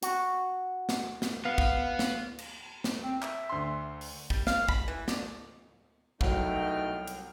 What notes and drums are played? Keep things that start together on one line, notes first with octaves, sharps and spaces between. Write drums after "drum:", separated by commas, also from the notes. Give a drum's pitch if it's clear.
F#4, drum: hi-hat
drum: snare
drum: snare
B3 F5
drum: kick
drum: snare
drum: cymbal
drum: snare
C4
E5, drum: clap
D2 C6
drum: open hi-hat
G3, drum: kick
F5, drum: snare
B5, drum: kick
E3
D4, drum: snare
C2 B2 F#3 A3 D#4 G5 F6, drum: kick
drum: hi-hat